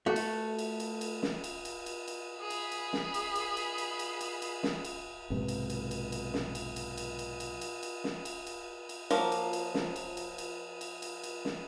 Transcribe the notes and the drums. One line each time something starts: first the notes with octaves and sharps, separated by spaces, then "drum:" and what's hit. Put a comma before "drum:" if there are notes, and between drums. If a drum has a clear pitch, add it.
A3 F#4
drum: cymbal
drum: cymbal
drum: cymbal
drum: cymbal
drum: snare
drum: cymbal
drum: cymbal
drum: cymbal
drum: cymbal
G#4 B5
drum: cymbal
drum: cymbal
drum: snare
drum: cymbal
drum: cymbal
drum: cymbal
drum: cymbal
drum: cymbal
drum: cymbal
drum: cymbal
drum: snare
drum: cymbal
B1 G#2 C3 B3
drum: cymbal
drum: cymbal
drum: cymbal
drum: cymbal
drum: snare
drum: cymbal
drum: cymbal
drum: cymbal
drum: cymbal
drum: cymbal
drum: cymbal
drum: cymbal
drum: snare
drum: cymbal
drum: cymbal
drum: cymbal
F3 F#3 A#3, drum: cymbal
drum: cymbal
drum: cymbal
drum: snare
drum: cymbal
drum: cymbal
drum: cymbal
drum: cymbal
drum: cymbal
drum: cymbal
drum: snare